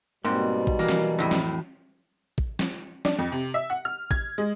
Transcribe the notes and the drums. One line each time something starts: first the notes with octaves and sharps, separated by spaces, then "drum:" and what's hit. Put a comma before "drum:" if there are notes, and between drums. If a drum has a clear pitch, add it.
G#2 B2 G3 A#3 C4
drum: kick A1
E3 F#3 A#3
drum: snare
F2 A2 C3
drum: snare
drum: kick A1
drum: snare
D4, drum: snare
F2
C3
E5
F#5
F6
G#6, drum: kick A1
G#3